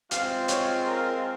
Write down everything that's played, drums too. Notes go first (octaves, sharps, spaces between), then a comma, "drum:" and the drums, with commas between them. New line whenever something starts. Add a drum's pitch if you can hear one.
G#3 C4 F4 F5, drum: hi-hat
C#5, drum: hi-hat
A#4